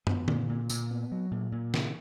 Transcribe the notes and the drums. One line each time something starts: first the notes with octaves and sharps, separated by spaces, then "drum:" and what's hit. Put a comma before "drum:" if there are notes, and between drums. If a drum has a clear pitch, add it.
B3, drum: tom
A#2, drum: tom
A#2
A#2, drum: tambourine
B3
F#3
A#2
A#2
C#3, drum: snare